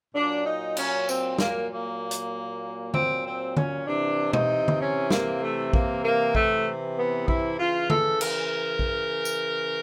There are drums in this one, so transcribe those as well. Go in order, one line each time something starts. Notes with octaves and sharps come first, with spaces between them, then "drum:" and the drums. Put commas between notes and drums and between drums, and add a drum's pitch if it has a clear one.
A#2 F#3 D4
D#4
C#4, drum: cymbal
C4, drum: tambourine
A#3, drum: snare
A#3
drum: hi-hat
C4, drum: tom D3
C4
C#4, drum: tom D3
C3 E3 D4
D#4, drum: tom B2
drum: tom D3
C#4
A#3, drum: snare
A3
A#3, drum: kick A#1
A#3
A3, drum: kick A#1
B3
E4, drum: kick A#1
C#3 E3 F4
A4, drum: tom D3
A#4, drum: cymbal
drum: kick A#1
drum: tambourine